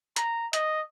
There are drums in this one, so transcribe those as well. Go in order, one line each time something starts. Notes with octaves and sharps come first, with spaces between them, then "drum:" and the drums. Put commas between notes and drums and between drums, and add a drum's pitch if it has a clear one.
A#5, drum: hi-hat
D#5, drum: hi-hat